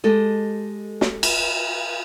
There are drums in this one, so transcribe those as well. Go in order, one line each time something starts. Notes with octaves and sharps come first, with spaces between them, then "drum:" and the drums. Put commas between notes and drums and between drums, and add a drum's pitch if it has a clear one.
G#3 G4 A4 D#5
drum: snare
drum: cymbal